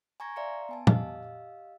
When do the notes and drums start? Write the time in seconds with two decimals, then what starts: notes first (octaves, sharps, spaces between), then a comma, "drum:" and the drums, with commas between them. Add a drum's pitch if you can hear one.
0.20 G#5 A#5 C#6 G#6 A#6
0.36 D5 E5 F5 A#5 C6 C#7
0.69 B3 G#5 A5
0.87 G4 D#5 F5 E6, drum: tom